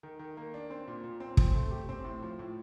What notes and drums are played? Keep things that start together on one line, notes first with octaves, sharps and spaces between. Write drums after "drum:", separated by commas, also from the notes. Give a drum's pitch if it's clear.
D#3
D#3
A#3
D4
C4
A#2
A#2
C4
C4, drum: kick
A3
G4
C4
A2
F3
A2